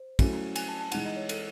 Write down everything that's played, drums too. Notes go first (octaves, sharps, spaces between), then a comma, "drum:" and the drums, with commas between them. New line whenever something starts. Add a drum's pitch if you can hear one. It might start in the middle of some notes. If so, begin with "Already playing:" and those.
Already playing: C5
F#3 A3 C#4 E4, drum: kick, cymbal
G#5, drum: cymbal
A5
A5
E3 G#3 D#4 F#5, drum: cymbal
D#5
C#5
A4, drum: cymbal